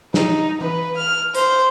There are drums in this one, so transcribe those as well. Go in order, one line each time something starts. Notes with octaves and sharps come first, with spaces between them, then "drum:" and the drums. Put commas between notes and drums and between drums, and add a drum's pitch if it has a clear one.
D#4, drum: snare
B4, drum: tom E3
F6
C5, drum: hi-hat